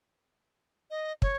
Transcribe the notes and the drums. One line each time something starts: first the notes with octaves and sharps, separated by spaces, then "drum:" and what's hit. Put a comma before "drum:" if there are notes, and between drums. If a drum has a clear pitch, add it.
D#5
C#5, drum: kick